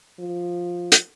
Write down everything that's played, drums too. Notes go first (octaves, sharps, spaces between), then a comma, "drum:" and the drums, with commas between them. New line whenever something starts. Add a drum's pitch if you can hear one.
F3
drum: hi-hat